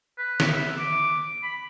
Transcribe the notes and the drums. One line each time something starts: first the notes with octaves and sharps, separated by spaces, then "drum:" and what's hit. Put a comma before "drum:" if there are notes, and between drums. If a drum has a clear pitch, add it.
B4
drum: snare
E5
D6
B5